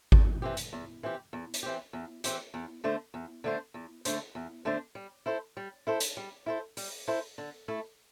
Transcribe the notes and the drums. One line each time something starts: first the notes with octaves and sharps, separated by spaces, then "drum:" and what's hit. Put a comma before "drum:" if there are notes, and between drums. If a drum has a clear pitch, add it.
E2, drum: kick G#1
E3 C4 G4
drum: hi-hat
E2
E3 C4 G4
E2
drum: hi-hat
E3 C4 G4
E2
E3 C4 G4, drum: hi-hat
E2
D3 A3 D4 C5
E2
D3 A3 D4 C5
E2
D3 A3 D4 C5, drum: hi-hat
E2
D3 A3 D4 C5
G3
E4 A4 C5
G3
E4 A4 C5
drum: hi-hat
G3
E4 A4 C5
G3, drum: open hi-hat
E4 A4 C5
D3
A3 E4